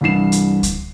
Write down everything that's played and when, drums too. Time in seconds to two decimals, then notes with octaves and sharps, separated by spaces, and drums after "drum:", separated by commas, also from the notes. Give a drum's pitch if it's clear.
0.01 C2 G2 E3 C7 E7
0.32 drum: hi-hat
0.63 drum: kick C#2, hi-hat